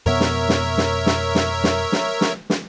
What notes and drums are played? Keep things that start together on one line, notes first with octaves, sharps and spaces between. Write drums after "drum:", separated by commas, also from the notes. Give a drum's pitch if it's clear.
F2 B2 B3 A#4 C#5 E5
drum: snare
drum: snare
drum: snare
drum: snare
drum: snare
drum: snare
drum: snare
drum: snare
drum: snare